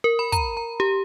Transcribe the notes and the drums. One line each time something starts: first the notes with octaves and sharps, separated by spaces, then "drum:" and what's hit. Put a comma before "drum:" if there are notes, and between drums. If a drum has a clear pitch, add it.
A#4
B5
A#5, drum: kick, hi-hat
A#5
G4